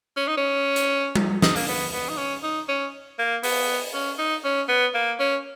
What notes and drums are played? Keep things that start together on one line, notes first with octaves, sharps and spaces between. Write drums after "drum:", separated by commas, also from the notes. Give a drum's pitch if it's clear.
C#4
D#4
C#4
drum: hi-hat
drum: tom G3
D#4, drum: snare
A#3, drum: open hi-hat
B3
B3
D#4
C#4
D#4
C#4
A#3
B3, drum: open hi-hat
C#4
D#4
C#4
B3
A#3
C#4